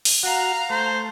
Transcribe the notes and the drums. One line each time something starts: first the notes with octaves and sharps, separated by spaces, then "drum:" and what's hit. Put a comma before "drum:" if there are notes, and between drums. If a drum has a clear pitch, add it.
drum: open hi-hat
F#4 F5 A#5
A3 C5